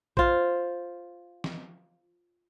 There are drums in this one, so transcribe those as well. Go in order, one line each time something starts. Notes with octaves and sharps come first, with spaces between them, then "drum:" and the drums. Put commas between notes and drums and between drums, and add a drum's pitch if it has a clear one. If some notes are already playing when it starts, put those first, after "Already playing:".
F4 C5, drum: kick A#1
drum: snare